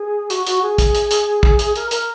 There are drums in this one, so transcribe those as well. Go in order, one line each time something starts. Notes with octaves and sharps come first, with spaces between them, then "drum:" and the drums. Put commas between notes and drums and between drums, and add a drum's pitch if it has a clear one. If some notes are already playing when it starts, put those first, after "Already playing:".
Already playing: G#4
F#4, drum: hi-hat
F#4, drum: hi-hat
G#4
drum: kick, hi-hat
drum: hi-hat
drum: hi-hat
drum: kick
drum: hi-hat
A#4, drum: hi-hat
A#4, drum: hi-hat